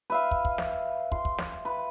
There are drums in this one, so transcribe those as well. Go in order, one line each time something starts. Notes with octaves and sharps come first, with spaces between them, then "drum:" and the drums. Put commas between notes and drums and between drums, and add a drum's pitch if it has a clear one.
B4 E5 F5
drum: kick
drum: kick
drum: snare
C6, drum: kick
drum: kick
drum: snare
B4